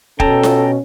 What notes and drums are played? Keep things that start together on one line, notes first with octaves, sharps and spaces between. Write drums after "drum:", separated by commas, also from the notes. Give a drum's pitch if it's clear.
B2 C#4 A4 G5 A5 A#5, drum: kick
drum: snare F4